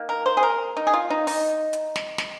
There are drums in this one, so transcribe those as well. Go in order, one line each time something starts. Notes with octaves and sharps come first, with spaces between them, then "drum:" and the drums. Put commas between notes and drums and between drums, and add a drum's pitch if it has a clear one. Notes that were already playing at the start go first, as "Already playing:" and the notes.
Already playing: D#3 A#3
A#4
C5
G#4
A#4
D#4
G#4
F4
D#4
D#4, drum: open hi-hat
drum: hi-hat
drum: snare
drum: snare